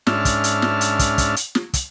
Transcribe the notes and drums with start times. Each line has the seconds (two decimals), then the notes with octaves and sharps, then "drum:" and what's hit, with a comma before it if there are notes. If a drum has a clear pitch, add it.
0.07 G#2 C#4 D4 E5 A5 F6, drum: snare
0.25 drum: kick, hi-hat
0.44 drum: hi-hat
0.62 drum: snare
0.81 drum: hi-hat
0.99 drum: kick, hi-hat
1.18 drum: kick, hi-hat
1.36 drum: hi-hat
1.55 drum: snare
1.74 drum: kick, hi-hat